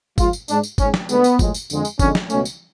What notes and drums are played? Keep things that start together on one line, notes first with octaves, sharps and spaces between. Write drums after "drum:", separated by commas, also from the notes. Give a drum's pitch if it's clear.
G#2 F3 G#3 F4, drum: kick G1, tambourine
drum: tambourine
G#2 G#3 D4, drum: tambourine
drum: tambourine
G#2 G#3 C#4, drum: kick G1, tambourine
drum: snare
D2 D3 G#3 B3, drum: tambourine
drum: tambourine
A2 F3 G#3, drum: kick G1, tambourine
drum: tambourine
F2 D3 G#3, drum: tambourine
drum: tambourine
F2 D3 G#3 C#4, drum: kick G1, tambourine
drum: snare
C#2 B2 A3 C#4, drum: tambourine
drum: tambourine